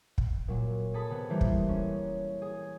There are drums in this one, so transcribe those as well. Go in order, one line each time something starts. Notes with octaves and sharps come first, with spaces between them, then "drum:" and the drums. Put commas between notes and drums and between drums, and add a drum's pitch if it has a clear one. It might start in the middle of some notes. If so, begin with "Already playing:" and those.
drum: kick
A#2 F#3
G#4 A4 A5 B5 D#6
C3 B3
E3 G3 A#3 C5
drum: kick
C#4
G#4